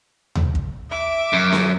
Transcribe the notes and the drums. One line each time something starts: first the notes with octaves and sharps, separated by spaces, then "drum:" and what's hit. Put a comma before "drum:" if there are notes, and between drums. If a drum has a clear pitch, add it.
drum: tom D#2
drum: kick
E5 D6
F#2
drum: snare C#4